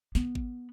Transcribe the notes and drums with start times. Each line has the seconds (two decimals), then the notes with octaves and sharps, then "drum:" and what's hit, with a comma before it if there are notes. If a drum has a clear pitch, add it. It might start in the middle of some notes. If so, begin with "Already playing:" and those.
0.15 B3, drum: snare
0.35 drum: kick G#1